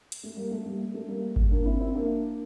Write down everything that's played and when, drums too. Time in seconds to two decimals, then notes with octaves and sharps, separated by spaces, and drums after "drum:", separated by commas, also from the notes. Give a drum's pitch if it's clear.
0.12 drum: hi-hat
0.23 A3
0.37 G3 A#3
0.51 A3
0.66 G3 A#3
0.94 A3
1.08 G3 A#3
1.36 drum: kick G#1
1.51 A#3 D4
1.66 C4 E4
1.80 C4 E4
1.95 A#3 D4